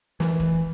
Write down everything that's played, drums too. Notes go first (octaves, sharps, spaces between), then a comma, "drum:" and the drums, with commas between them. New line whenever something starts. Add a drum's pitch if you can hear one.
E3, drum: snare
drum: kick E1